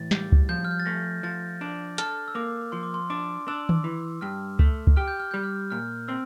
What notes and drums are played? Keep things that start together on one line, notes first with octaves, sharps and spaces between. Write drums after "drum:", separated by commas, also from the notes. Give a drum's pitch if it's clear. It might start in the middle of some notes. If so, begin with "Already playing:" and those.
Already playing: A2 E3 A6
G3, drum: snare
drum: kick C#2
F3 G6
F6
G6
A6
A3 A#6
F3 A6
D4
A4 F6, drum: hi-hat
E6
A#3 D6
F3 C6
D6
C6
D4 D6
D4 E6
drum: tom D#3
E3
G2 F6
A3, drum: kick C#2
drum: kick C#2
G4 F6
G6
F6
G3 G6
F6
A#2 F6
C4 E6